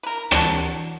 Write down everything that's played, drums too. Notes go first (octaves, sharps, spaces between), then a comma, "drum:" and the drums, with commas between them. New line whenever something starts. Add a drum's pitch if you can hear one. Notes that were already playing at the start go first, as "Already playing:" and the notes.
A#4 B4
E3 F#3 D4 A5, drum: rim click